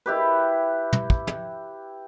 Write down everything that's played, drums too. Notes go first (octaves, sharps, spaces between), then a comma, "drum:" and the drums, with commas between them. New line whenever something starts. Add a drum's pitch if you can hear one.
E4 G4 B4
drum: tom
drum: kick
drum: tom